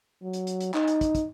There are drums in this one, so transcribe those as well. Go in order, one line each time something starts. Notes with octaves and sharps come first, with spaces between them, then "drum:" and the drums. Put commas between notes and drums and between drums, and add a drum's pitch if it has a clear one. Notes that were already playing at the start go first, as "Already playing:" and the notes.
F#3
drum: hi-hat
drum: hi-hat
drum: hi-hat
D#4, drum: clap
drum: hi-hat
drum: kick, hi-hat
drum: kick, hi-hat